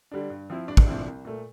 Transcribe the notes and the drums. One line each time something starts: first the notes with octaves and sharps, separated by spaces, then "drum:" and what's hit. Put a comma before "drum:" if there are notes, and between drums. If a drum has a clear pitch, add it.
D3 G3 D4
G2
F3 C4 E4
G2 D4 D5
drum: kick
F3 C4 E4
C2
A#2 A3